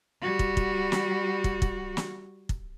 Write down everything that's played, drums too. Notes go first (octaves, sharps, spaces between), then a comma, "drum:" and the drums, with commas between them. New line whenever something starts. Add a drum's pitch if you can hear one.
G3 F#4
drum: kick
drum: kick
drum: snare
drum: kick
drum: kick
drum: snare
drum: kick